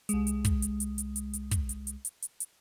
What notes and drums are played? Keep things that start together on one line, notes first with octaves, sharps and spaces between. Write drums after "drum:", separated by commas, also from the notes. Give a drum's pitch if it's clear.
C2 G#3, drum: hi-hat
drum: hi-hat
drum: kick, hi-hat
drum: hi-hat
drum: hi-hat
drum: hi-hat
drum: hi-hat
drum: hi-hat
drum: kick, hi-hat
drum: hi-hat
drum: hi-hat
drum: hi-hat
drum: hi-hat
drum: hi-hat